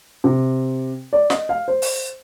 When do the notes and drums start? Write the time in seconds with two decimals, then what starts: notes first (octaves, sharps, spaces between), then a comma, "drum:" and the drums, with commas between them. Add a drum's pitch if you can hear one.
0.24 C3
1.13 D5
1.30 D#5, drum: snare
1.49 F5
1.68 C5
1.82 drum: open hi-hat